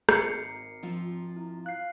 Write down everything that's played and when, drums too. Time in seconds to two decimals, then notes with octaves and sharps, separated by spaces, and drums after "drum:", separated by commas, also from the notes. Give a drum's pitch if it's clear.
0.09 G#1 A#4 C7 C#7, drum: rim click
0.83 F3 C4 F4
1.36 E4
1.66 F5 F#6 C7